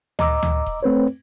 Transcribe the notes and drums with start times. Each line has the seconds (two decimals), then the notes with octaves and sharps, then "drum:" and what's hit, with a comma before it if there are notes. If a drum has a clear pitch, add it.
0.19 D#5 A#5 D6 E6, drum: tom D2
0.43 drum: tom D2
0.66 drum: kick D#1
0.83 A3 C4 B4 C#5